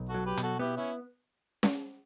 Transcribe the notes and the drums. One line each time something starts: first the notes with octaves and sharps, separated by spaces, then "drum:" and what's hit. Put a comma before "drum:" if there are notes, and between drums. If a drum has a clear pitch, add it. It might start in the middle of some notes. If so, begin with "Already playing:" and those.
Already playing: B1
F#4 A4
F#3
G4 B4
B2, drum: hi-hat
F#4 A4
B3 E4 G4
C#4 E4
drum: snare C#4